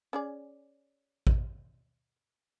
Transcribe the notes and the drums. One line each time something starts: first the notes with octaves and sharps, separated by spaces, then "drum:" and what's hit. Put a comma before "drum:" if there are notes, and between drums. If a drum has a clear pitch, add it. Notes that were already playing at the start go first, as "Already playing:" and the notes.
C#4 G#4 D5
drum: kick A1